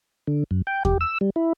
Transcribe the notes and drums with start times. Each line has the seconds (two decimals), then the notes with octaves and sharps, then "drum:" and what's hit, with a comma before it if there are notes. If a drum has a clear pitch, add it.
0.27 D3
0.51 F#2
0.67 G5
0.85 G4, drum: kick E2
1.01 E6
1.21 G3
1.36 E4